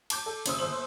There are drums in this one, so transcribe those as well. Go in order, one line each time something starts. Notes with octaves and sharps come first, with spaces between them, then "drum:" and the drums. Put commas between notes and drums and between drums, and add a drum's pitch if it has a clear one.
A5 D6 G6, drum: cymbal
A4
F#1 C#4 C5 D#6 E6, drum: cymbal
G1 C5 F#7